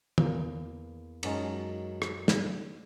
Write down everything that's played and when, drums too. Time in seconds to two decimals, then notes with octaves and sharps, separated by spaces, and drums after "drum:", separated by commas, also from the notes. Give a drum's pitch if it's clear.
0.18 E2 A#3, drum: tom
1.23 F#2 F#3 G#3 C#4 D#4, drum: cymbal
2.02 drum: rim click
2.28 drum: snare